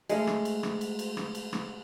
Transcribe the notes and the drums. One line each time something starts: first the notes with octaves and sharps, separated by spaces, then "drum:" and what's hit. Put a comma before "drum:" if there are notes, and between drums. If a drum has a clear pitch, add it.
G#3 A3 F5, drum: cymbal
drum: rim click
drum: cymbal
drum: rim click
drum: cymbal
drum: cymbal
drum: rim click
drum: cymbal
drum: rim click